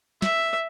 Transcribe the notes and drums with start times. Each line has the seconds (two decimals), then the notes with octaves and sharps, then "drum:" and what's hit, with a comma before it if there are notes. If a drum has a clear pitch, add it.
0.22 E5, drum: snare